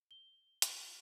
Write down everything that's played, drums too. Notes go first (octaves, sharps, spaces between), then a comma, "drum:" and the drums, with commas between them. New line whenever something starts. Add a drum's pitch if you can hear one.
G7
drum: hi-hat